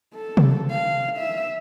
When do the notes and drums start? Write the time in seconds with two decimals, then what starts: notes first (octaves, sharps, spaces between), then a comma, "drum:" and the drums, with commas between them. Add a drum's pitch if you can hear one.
0.14 A4
0.37 drum: tom C3
0.70 F5
1.18 E5